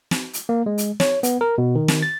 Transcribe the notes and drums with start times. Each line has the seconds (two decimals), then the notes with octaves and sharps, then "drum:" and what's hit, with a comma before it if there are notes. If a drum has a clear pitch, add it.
0.11 drum: snare
0.33 drum: hi-hat
0.49 A#3
0.66 G#3
0.78 drum: hi-hat
1.00 C#5, drum: snare
1.23 B3, drum: hi-hat
1.41 A#4
1.58 B2
1.75 D#3
1.88 drum: snare
2.02 A6